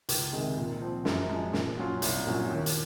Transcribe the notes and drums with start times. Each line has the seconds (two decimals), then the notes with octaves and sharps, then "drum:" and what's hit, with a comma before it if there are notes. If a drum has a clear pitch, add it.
0.09 C#2, drum: hi-hat
0.33 C3 D#3 G#3
0.57 A#2
0.81 F3 C4
1.05 F#2, drum: snare
1.29 F3 G#3
1.53 A#2, drum: snare
1.78 F#3 C#4 F4
2.02 C2, drum: hi-hat
2.26 A#2 F#3 C#4
2.50 D#2
2.66 drum: hi-hat